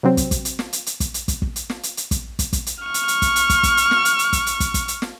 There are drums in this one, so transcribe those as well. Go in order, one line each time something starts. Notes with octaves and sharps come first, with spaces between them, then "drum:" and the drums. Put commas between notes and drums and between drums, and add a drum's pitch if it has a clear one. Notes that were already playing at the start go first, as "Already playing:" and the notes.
C3 F#3 C4
drum: kick, hi-hat
drum: kick, hi-hat
drum: hi-hat
drum: snare
drum: hi-hat
drum: hi-hat
drum: kick, hi-hat
drum: hi-hat
drum: kick, hi-hat
drum: kick
drum: hi-hat
drum: snare
drum: hi-hat
drum: hi-hat
drum: kick, hi-hat
drum: kick, hi-hat
drum: kick, hi-hat
drum: hi-hat
C#6 F6
drum: hi-hat
drum: hi-hat
drum: kick, hi-hat
drum: hi-hat
drum: kick, hi-hat
drum: kick, hi-hat
drum: hi-hat
drum: snare
drum: hi-hat
drum: hi-hat
drum: kick, hi-hat
drum: hi-hat
drum: kick, hi-hat
drum: kick, hi-hat
drum: hi-hat
drum: snare